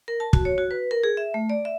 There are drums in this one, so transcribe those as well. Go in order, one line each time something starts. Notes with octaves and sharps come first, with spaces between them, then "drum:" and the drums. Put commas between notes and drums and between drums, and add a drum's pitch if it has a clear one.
A#4
A5
F#4, drum: kick
C#5
F#4
B4
A#4
G#4
E5
A3
D5
E5